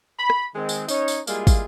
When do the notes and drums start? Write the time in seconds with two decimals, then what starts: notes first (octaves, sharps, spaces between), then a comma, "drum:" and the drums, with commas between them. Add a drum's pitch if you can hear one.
0.19 B5
0.30 drum: rim click
0.55 D#3 G#3 C4
0.69 drum: tambourine
0.88 C#4 D#4 C#5, drum: tambourine
1.08 drum: tambourine
1.27 G3 G#3 A#3 E4 F4 G#4, drum: tambourine
1.47 drum: kick, tambourine